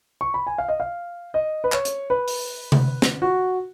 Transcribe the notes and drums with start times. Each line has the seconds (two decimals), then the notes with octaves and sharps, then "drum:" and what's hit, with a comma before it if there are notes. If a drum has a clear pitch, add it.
0.21 C#6
0.34 B5
0.47 G#5
0.58 F5
0.68 D#5
0.80 F5
1.34 D#5
1.64 B4
1.72 C#5, drum: clap
1.85 drum: hi-hat
2.10 B4
2.28 drum: open hi-hat
2.72 drum: tom C3
3.02 drum: snare
3.22 F#4